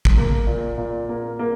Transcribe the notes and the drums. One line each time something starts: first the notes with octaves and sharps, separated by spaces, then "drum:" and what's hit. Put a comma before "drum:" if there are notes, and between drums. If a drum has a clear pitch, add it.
drum: kick
A#3
A#2
A#2
A#3
A#3